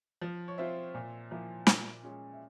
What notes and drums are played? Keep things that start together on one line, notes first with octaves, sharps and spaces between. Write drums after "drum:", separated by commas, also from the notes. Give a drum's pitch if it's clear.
F3
C#5
C4 F4 C5 E5
A#2
F3 A#3 E4
A#2, drum: snare
G#3 C#4 F4
E5